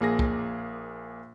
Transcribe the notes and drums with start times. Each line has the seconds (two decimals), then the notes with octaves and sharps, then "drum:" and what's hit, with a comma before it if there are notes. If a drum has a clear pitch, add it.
0.01 A#1 A#3 G#4 A#6
0.19 drum: kick